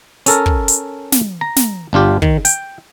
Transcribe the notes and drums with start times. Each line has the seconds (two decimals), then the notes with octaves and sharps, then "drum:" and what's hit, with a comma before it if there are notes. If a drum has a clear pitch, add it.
0.26 C#4 A4 A#4, drum: hi-hat
0.46 drum: kick
0.68 drum: hi-hat
1.12 drum: snare
1.41 A#5
1.56 drum: snare
1.93 G1 D4 F4 G4
2.22 D#3, drum: kick
2.45 G5, drum: hi-hat